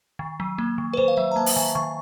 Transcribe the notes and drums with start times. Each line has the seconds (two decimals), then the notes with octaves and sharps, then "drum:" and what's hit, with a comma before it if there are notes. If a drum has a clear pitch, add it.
0.19 D#3
0.40 F#3
0.58 A#3
0.78 D#3
0.93 B4
0.97 D#3 C5
1.08 F5
1.17 F#3 E5
1.32 A#5
1.36 A#3 A5
1.46 drum: open hi-hat
1.56 D#3 G#5
1.75 D#3 C#6